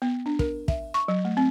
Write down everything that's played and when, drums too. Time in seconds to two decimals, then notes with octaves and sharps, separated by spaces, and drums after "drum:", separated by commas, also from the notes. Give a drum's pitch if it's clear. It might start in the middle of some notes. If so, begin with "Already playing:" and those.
0.02 B3
0.26 D4
0.39 A#4, drum: kick
0.68 E5, drum: kick
0.94 C#6
1.08 F#3
1.25 A3
1.37 C4